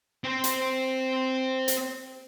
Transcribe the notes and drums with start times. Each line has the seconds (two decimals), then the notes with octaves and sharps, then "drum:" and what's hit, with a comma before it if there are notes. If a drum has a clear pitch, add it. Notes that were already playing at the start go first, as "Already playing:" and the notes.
0.24 C4 C5
0.44 drum: hi-hat
1.68 drum: hi-hat